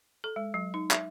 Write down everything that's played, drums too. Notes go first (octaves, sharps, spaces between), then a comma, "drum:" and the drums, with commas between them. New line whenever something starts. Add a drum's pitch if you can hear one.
A4
G#3
F#3
D#4
E5, drum: clap